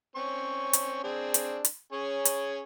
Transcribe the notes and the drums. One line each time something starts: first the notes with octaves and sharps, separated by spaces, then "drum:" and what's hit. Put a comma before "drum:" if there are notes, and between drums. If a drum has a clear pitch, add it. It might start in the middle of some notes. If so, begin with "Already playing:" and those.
C4 C#4 C#6
drum: hi-hat
C4 D4 G#4
drum: hi-hat
drum: hi-hat
C#4 G#4 C#5
drum: hi-hat